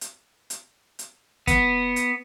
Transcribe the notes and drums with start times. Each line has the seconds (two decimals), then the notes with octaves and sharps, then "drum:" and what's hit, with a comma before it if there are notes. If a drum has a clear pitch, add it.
0.01 drum: hi-hat
0.50 drum: hi-hat
0.99 drum: hi-hat
1.47 B3, drum: kick, hi-hat
1.96 drum: hi-hat